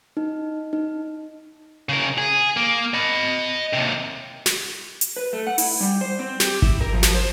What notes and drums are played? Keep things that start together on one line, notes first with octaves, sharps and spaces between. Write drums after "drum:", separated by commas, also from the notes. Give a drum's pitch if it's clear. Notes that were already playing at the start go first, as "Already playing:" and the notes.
D#4
D#4
C#3 A#4
G#4
A#3
D#5 B5
D#2 C3
drum: snare
drum: hi-hat
B4
A3
F#5
E4, drum: open hi-hat
G3
C5
C4
G4, drum: snare
E4, drum: kick G#1
A#4
F3
drum: snare
C5